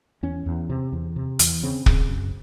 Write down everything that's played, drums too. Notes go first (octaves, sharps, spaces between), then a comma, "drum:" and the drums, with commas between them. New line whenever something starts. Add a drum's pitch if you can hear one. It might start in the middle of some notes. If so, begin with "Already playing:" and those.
E2 C#4
E2
C3
E2
C3
E2, drum: hi-hat
C#3 C4
C#3, drum: kick
F#2